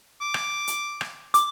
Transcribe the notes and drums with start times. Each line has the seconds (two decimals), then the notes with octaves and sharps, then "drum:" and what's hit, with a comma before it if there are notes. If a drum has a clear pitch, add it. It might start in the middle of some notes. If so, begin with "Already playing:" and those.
0.21 D6
0.34 drum: rim click
0.67 drum: hi-hat
1.01 drum: rim click
1.34 D6, drum: hi-hat